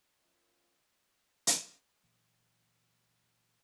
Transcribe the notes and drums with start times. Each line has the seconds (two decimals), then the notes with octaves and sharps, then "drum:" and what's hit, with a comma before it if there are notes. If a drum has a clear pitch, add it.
0.19 F#2 F3 F4
1.47 drum: hi-hat
2.03 A#2 E3 F#3